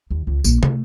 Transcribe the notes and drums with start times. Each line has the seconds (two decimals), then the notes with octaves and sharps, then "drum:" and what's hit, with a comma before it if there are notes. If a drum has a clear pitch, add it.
0.11 D#2
0.27 C#2
0.44 A#1, drum: tambourine
0.63 A3, drum: tom